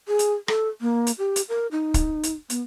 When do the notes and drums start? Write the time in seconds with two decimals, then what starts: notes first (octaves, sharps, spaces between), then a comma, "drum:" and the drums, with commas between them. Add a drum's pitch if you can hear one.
0.08 G#4
0.19 drum: hi-hat
0.48 A4, drum: rim click
0.81 A#3
1.07 drum: hi-hat
1.18 G4
1.36 drum: hi-hat
1.49 A#4
1.72 D#4
1.94 drum: kick, hi-hat
2.23 drum: hi-hat
2.50 B3, drum: hi-hat